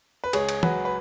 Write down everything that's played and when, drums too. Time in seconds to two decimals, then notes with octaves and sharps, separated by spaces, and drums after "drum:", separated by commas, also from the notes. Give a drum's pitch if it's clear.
0.24 B4
0.33 C#2 G#4 C#5, drum: cymbal
0.49 drum: cymbal
0.63 F#3 F#4 B4, drum: tom
0.85 B4